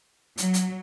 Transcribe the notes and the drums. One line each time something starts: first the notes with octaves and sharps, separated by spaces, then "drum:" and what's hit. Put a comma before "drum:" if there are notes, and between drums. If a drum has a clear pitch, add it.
F#3, drum: hi-hat
drum: hi-hat